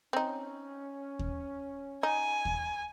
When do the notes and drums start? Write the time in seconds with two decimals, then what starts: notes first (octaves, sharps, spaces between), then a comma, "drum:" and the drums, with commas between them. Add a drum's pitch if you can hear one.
0.13 C4 C#4 D#4
1.19 drum: kick D#2
2.03 D#4 G#5
2.45 drum: kick D#2